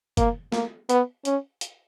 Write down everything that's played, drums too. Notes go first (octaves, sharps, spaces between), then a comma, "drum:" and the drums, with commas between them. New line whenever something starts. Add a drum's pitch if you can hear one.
A#3, drum: kick F#1, hi-hat
A#3, drum: snare
B3, drum: hi-hat
C#4, drum: hi-hat
drum: hi-hat